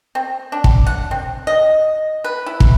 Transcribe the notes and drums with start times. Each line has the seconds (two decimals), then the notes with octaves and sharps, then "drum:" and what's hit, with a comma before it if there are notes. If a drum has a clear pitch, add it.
0.15 C4
0.52 D4
0.64 drum: kick
0.87 F#5
1.11 C4
1.47 D#5
2.24 B4
2.46 E4
2.60 drum: kick